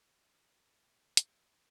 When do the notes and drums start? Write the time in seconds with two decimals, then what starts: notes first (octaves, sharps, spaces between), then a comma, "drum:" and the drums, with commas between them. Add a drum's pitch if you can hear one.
0.07 C#4
0.21 E5
0.57 A#3
1.17 drum: hi-hat